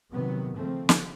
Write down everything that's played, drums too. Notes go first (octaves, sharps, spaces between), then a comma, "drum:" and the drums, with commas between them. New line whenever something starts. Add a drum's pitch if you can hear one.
C3 D#3 F#3 B3
C#3 F3 A3 C4
drum: snare